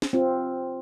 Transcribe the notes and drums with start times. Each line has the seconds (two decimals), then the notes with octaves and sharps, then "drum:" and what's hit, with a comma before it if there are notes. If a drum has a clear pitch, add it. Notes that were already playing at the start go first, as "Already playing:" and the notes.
0.02 drum: snare
0.13 C4 F4